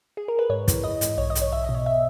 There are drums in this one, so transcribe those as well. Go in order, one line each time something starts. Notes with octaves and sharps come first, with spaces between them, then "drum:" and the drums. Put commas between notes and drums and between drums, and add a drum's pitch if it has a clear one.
G#4
A#4
B4
G#2 C#5
E3, drum: kick, hi-hat
E3 D#5
G#2, drum: hi-hat
B1 C#5
D#5
B1, drum: hi-hat
C#5
B1 E5
D#5
B2
C#5
E5